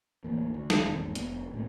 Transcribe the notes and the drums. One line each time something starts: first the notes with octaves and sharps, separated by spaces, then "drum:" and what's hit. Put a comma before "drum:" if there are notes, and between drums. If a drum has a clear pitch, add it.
D1 D2 E3 A#3
D2
drum: snare
E1 D#3 C4
E2 G#2
F1 B3, drum: hi-hat
A2 C3 F#3 A3